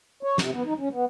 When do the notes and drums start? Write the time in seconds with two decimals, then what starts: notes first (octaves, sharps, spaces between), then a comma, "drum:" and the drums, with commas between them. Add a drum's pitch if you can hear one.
0.23 C#5
0.38 C3, drum: snare
0.53 B3
0.65 D#4
0.79 C#4
0.93 B3